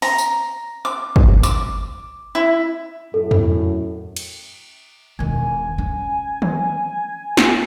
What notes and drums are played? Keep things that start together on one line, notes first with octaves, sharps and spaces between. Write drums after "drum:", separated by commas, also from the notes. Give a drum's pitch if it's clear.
A#5, drum: open hi-hat
drum: tambourine
D6
drum: kick
D6, drum: tambourine
E4
F#2 A2 A4
drum: tom E2
drum: cymbal
E1 D#3 G#5
C#4
drum: tom D#3
drum: snare